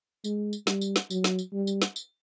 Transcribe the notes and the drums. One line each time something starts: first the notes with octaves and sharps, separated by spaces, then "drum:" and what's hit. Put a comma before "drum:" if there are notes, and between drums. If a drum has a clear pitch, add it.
G#3, drum: tambourine
drum: tambourine
G3, drum: snare
drum: tambourine
drum: snare
F#3, drum: tambourine
drum: snare
drum: tambourine
G3
drum: tambourine
drum: snare
drum: tambourine